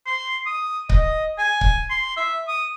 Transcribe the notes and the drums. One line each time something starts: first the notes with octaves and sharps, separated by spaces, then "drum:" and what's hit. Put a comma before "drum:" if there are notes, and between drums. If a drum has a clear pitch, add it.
C6
D#6
D#5, drum: kick C#1
G#5
drum: kick C#1
C6
E5
D#6